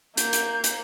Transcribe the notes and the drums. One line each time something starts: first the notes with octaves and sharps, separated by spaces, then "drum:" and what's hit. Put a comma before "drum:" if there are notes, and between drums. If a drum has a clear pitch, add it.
A#3 G6, drum: hi-hat
drum: hi-hat
drum: hi-hat